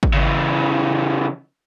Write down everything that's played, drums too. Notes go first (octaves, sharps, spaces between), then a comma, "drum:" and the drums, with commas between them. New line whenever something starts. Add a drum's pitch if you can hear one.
drum: kick
C#3 E3